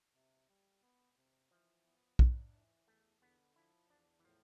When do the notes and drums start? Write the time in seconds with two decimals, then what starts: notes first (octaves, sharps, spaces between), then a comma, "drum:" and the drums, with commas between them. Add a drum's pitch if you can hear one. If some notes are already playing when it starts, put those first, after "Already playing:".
0.14 C3
0.49 G3
0.82 B3
1.17 C3
1.51 E3 F3
1.86 B3
2.19 D4, drum: kick
2.54 E3
2.88 E2 A3
3.22 D3 B3
3.56 F3 E4
3.90 E2 D4
4.19 E3
4.25 A2 F3